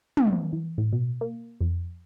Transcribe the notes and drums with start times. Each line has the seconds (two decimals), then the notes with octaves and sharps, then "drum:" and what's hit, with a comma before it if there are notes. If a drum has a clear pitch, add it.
0.17 drum: tom
0.32 B3
0.53 E3
0.78 A2
0.93 B2
1.21 A#3
1.61 F2